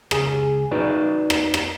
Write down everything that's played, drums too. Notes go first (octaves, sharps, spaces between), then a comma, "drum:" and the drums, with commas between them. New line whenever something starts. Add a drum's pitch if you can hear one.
C#2 G#4 G#5, drum: rim click
D#4 F#4 B4 D5
drum: rim click
drum: rim click